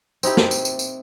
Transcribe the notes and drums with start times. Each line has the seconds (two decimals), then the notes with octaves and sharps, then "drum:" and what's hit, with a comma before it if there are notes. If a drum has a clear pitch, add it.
0.23 C4 D#4 E4 G4, drum: tambourine
0.37 drum: snare
0.51 drum: tambourine
0.65 drum: tambourine
0.79 drum: tambourine